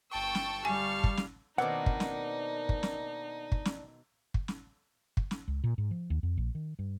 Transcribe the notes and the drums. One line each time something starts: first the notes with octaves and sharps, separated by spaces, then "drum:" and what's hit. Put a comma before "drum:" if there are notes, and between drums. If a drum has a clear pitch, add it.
G1 G5 A5 C#6 E6
drum: snare
G3 F5 G#5
drum: kick
drum: snare
B2 D#3 A#3 C4 D4 D#4 F#5
drum: kick
drum: snare
drum: kick
drum: snare
drum: kick
drum: snare
drum: kick
drum: snare
drum: kick
drum: snare
C#2
A#2
G#2
F3
D#2
F2
A#1
D#3
G2